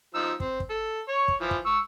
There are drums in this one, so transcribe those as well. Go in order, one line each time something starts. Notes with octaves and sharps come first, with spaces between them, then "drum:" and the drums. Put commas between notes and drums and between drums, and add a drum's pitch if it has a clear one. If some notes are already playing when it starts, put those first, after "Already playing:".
F3 D#4 E6
C4, drum: kick
drum: kick
A4
C#5 C#6
drum: kick
E3 F3
drum: kick
C#6 E6